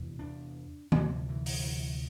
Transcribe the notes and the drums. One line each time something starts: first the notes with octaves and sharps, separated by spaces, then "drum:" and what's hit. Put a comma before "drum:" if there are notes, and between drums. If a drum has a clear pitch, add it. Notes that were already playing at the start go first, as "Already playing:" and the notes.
Already playing: E2 C3
D4
D2 C3 F3, drum: tom D#3
E3
drum: open hi-hat